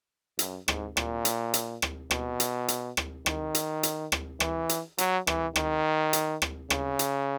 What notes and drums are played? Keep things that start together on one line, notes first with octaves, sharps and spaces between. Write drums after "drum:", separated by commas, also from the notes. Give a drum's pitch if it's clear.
F#2, drum: hi-hat
G#2, drum: rim click
A#2, drum: rim click
drum: hi-hat
drum: hi-hat
drum: rim click
B2, drum: rim click
drum: hi-hat
drum: hi-hat
drum: rim click
D#3, drum: rim click
drum: hi-hat
drum: hi-hat
drum: rim click
E3, drum: rim click
drum: hi-hat
F#3, drum: hi-hat
E3, drum: rim click
D#3, drum: rim click
drum: hi-hat
drum: rim click
C#3, drum: rim click
drum: hi-hat